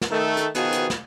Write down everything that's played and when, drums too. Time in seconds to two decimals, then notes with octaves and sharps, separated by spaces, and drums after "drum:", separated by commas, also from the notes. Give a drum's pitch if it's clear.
0.02 drum: snare
0.11 D#3 A3
0.37 drum: hi-hat
0.55 B2 D#3 F3 B3 F#4 G#4, drum: hi-hat
0.72 drum: hi-hat
0.90 drum: snare